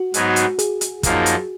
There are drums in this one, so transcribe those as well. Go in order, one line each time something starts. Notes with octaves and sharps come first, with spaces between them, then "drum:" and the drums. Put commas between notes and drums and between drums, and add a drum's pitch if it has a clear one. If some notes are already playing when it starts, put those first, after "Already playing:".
Already playing: F#4
G#2 F#3 B3 D#4 G#4, drum: hi-hat
drum: hi-hat
G#4, drum: hi-hat
drum: hi-hat
F#2 F3 A#3 D#4, drum: kick, hi-hat
drum: hi-hat